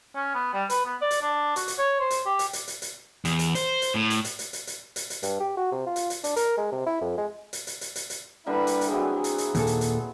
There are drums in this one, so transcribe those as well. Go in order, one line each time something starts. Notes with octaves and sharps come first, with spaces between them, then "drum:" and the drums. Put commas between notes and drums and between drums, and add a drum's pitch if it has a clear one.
C#4
B3
G3
B4, drum: hi-hat
B3
D5
drum: hi-hat
D4
F#4, drum: hi-hat
drum: hi-hat
C#5
C5
drum: hi-hat
G4
drum: hi-hat
drum: hi-hat
drum: hi-hat
drum: hi-hat
E2, drum: hi-hat
drum: hi-hat
C5, drum: hi-hat
drum: hi-hat
A2
drum: hi-hat
drum: hi-hat
drum: hi-hat
drum: hi-hat
drum: hi-hat
drum: hi-hat
drum: hi-hat
G2, drum: hi-hat
G4
F#4
C3
F4
drum: hi-hat
drum: hi-hat
D4, drum: hi-hat
A#4, drum: hi-hat
G#3
C3
E4
F2
G#3
drum: hi-hat
drum: hi-hat
drum: hi-hat
drum: hi-hat
drum: hi-hat
D3 G3 A#3 E4 B4
drum: hi-hat
drum: hi-hat
E3 F#3 C4 G#4
drum: hi-hat
drum: hi-hat
D#2 A#2 A4, drum: hi-hat
drum: hi-hat
drum: hi-hat